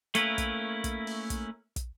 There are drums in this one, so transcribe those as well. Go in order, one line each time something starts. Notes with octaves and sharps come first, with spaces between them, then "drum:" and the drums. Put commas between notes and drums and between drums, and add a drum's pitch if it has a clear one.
A3 A#3 C#4 E4 A#4 B4, drum: hi-hat
drum: kick, hi-hat
drum: kick, hi-hat
drum: open hi-hat
drum: kick, hi-hat
drum: kick, hi-hat